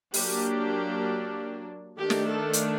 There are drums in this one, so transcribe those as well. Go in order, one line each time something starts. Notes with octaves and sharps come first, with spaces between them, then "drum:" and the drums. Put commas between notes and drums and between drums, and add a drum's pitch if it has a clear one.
F#3 A#3 D4 G4, drum: open hi-hat
D#3 A3 D4 G4
drum: snare
A4
drum: hi-hat